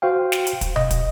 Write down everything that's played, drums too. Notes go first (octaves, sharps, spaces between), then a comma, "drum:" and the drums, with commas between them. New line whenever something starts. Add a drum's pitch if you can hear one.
F#4 C5 F5 G5
drum: snare
drum: hi-hat
drum: kick, hi-hat
D#5, drum: tom B2
drum: kick, hi-hat